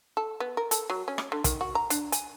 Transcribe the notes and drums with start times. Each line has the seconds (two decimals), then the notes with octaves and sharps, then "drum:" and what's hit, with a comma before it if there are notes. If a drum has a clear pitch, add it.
0.17 A4
0.40 B3
0.57 A#4
0.71 A4, drum: hi-hat
0.90 F#3
1.08 C#4
1.18 drum: rim click
1.32 D3
1.44 D#3, drum: kick, hi-hat
1.61 F#4
1.75 A#5
1.90 D4, drum: hi-hat
2.12 G#5, drum: hi-hat